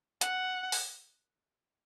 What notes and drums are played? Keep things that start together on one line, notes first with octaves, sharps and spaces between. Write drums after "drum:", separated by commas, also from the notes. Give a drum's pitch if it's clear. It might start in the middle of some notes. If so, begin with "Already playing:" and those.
F#5, drum: hi-hat
drum: open hi-hat